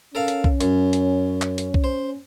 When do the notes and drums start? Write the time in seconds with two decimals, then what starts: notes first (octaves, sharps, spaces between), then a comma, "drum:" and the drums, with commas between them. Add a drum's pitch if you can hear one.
0.15 C#4 A4 A#4 F5
0.28 drum: hi-hat
0.44 drum: kick B1
0.61 F#2, drum: hi-hat
0.93 drum: hi-hat
1.42 drum: clap
1.58 drum: hi-hat
1.74 drum: kick B1
1.84 C5